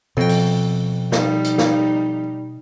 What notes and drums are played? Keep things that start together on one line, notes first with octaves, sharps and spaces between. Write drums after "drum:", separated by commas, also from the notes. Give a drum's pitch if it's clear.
F2 B2 G5
drum: open hi-hat
G3 D#4, drum: snare
drum: hi-hat
drum: snare